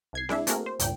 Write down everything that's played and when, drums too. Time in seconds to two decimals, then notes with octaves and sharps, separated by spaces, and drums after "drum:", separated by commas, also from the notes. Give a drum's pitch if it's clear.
0.13 C2 G#6 C7
0.29 G#3 D4 E4 E5, drum: snare C4
0.47 A3 A#3 C4 F#4 G#4 A#4, drum: hi-hat
0.66 C5
0.79 C#2 G2 A#2 G5, drum: hi-hat